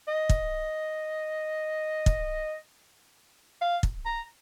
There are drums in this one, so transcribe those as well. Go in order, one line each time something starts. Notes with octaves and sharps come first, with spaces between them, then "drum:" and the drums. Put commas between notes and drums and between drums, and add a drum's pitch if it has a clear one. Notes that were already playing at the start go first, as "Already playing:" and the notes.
D#5
drum: kick
drum: kick
F5
drum: kick
A#5